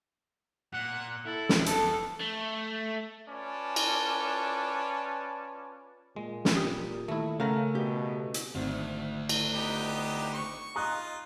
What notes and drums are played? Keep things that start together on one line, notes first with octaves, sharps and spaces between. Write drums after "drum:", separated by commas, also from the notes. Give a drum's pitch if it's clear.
A#2 F#5
E4 A4
drum: snare
F2 B3 A4, drum: hi-hat
A3
C#4 F4 B4 D5 A5
drum: cymbal
A#2 G#3
drum: snare
G4 D#6
D#2 A3 E4
C#3 A3 A#4 F5 F#5
B2 G4
drum: hi-hat
G#1 D2
drum: cymbal
B3 D#4 G4
C#6
D#4 F4 A#5 D#6 F#6